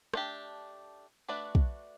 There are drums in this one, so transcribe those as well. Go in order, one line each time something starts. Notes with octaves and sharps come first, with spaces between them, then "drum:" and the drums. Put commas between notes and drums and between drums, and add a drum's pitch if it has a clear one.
A3 D4 G4, drum: rim click
A3 D4 F#4 B4 D5
drum: kick